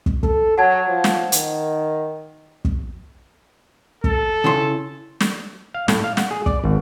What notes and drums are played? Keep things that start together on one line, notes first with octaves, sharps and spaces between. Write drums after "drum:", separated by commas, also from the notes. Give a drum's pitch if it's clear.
drum: kick
A4, drum: kick
F#3 F#5 A5 G#6
F3
drum: snare
D#3, drum: hi-hat
drum: kick
A4, drum: kick
C#3 E4 C6
drum: snare
F5
A2, drum: snare
F5
F#5, drum: snare
G#4
D5, drum: kick
G#1